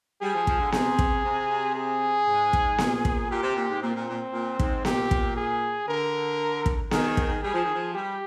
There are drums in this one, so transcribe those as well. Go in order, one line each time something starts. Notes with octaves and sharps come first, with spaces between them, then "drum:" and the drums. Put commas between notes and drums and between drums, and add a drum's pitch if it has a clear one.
G3 G#4
F3
F3, drum: kick
D3
C3 G#4, drum: snare B3
drum: kick
C3
G#4
G#2
drum: kick
A#2, drum: snare B3
drum: kick
A#2 G4
C3
A#2
G#2
A#2 C4
A#2
A#2
A#2
G#2, drum: kick
A#2 G4, drum: snare B3
drum: kick
G#4
D3 A#4
drum: kick
D#3 G#4, drum: snare B3
drum: kick
G3 G#4
F3
D#3
F3
G3 G4